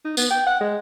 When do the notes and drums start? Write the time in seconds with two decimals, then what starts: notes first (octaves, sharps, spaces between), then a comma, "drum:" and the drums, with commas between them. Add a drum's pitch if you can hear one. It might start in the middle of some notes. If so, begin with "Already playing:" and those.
0.05 D#4
0.17 B3, drum: tambourine
0.31 G5
0.47 F#5
0.60 G#3